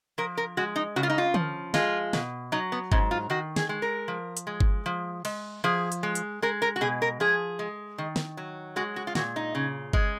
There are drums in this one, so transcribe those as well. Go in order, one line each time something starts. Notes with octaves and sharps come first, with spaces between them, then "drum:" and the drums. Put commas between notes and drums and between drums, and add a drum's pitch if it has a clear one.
F3 A#4
A#4
G#3 F#4
D#4
C#3 F#4
F4
D#4
F4
F3, drum: tom
G#3 F4, drum: snare
B2, drum: snare
F#3 D#4
B3
G#2 C#4, drum: kick G1
F4
D#3 F#4
G#4, drum: snare
G#3
A#4
F3
drum: hi-hat
G#3
drum: kick G1
F3
G#3, drum: cymbal
F3 G#4
drum: hi-hat
G#3
drum: hi-hat
G#3 A#4
A#4
F#4
B2 G#4
A#4
F3 G#4
G#3
D#3
drum: snare
F#3
G#3 F#4
F#4
F4
A#2 F#4, drum: snare
D#4
C#3
G#3, drum: kick G1